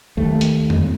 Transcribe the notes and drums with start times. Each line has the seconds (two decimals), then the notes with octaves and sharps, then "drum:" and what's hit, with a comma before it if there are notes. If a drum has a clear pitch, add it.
0.17 D#2 A3
0.41 drum: hi-hat
0.70 drum: tom F2